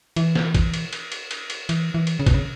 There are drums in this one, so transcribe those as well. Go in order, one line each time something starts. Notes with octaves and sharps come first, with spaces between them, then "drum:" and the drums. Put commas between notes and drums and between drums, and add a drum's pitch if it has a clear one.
E3, drum: cymbal
drum: snare
drum: kick, cymbal
drum: cymbal
drum: cymbal
drum: cymbal
drum: cymbal
drum: cymbal
E3, drum: cymbal
E3
drum: cymbal
C#3
B2, drum: kick, cymbal
C#3